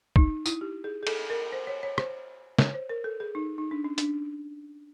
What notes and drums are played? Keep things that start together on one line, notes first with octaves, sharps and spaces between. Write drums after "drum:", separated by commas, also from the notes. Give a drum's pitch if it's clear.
D#4, drum: kick
E4, drum: tambourine
G4
G#4
G#4
A4, drum: cymbal
A#4
C5
C#5
C#5
C5, drum: rim click
C#5, drum: snare
C5
A#4
A4
G#4
D#4
D#4
D4
C#4
D4, drum: hi-hat